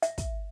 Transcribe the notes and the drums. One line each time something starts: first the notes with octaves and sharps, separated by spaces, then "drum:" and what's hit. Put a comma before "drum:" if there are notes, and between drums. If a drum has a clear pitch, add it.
E5, drum: hi-hat
drum: kick, hi-hat